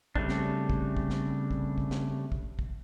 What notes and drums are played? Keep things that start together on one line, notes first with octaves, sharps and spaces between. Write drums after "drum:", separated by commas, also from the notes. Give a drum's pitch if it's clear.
C#3 G3 A3 C4 D4, drum: kick
drum: snare
drum: kick
drum: kick
drum: snare
drum: kick
drum: kick
drum: snare
drum: kick
drum: kick